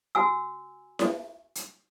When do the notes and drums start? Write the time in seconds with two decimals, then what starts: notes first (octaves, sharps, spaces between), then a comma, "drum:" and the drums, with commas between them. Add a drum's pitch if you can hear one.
0.15 F#4 G#5 E6
0.99 drum: snare E4
1.55 drum: hi-hat